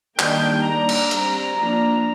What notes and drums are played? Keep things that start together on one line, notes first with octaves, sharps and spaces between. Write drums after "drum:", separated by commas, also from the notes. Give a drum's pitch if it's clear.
D#3 G3 A#3 D4 G5, drum: clap
G3 A#3 D4 A#5
drum: cymbal
G3 C4 A#5, drum: hi-hat
F3 A#3 D4